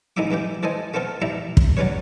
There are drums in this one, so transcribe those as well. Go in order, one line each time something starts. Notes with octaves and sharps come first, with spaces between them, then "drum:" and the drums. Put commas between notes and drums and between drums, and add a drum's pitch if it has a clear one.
A1 G#3 D#4 E4 E5 D6
G2 E3 G4 G5
E3 A4 C5 D#5 G#5
A3 B3 C4 A4 A#4
E4 G4 D5 E5 A#5
drum: kick
F#3 G3 C#4 B4 C#5